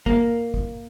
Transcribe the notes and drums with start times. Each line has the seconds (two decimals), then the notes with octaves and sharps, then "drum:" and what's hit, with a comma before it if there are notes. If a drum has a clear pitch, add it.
0.06 A#3, drum: kick
0.54 drum: kick